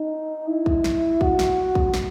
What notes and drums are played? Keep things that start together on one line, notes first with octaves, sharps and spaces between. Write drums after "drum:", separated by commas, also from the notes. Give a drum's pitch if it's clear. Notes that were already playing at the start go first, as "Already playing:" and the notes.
Already playing: D#4
E4
drum: kick
drum: snare
F#4, drum: kick
drum: snare
drum: kick
drum: snare